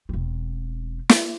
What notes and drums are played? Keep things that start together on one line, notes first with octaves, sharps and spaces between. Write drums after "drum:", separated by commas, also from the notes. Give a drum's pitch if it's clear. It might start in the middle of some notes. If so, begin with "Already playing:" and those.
E1 C4
drum: snare